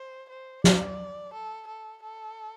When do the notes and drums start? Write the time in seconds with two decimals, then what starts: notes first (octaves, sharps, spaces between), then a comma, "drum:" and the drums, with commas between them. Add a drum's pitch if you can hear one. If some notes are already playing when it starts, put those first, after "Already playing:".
Already playing: C5
0.29 C5
0.64 D5, drum: snare
1.34 A4
1.67 A4
2.02 A4